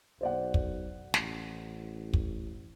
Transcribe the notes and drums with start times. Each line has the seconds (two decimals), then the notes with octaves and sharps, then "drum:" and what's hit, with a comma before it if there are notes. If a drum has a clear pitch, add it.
0.21 B1 C5 D5 F#5
0.54 drum: kick
1.14 A1, drum: snare
2.13 drum: kick